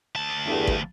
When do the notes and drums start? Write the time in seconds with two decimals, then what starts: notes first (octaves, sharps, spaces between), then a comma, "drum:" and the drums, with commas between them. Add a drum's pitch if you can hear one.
0.15 D2 A5
0.46 E2 G2 A3
0.67 drum: kick